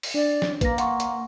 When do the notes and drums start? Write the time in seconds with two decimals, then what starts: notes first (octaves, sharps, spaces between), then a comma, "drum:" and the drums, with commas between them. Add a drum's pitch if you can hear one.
0.03 drum: open hi-hat
0.14 D4 D5
0.42 drum: snare
0.61 A#3 B4 A#6, drum: kick, hi-hat
0.78 F#5 C6 C#6, drum: hi-hat
1.00 drum: hi-hat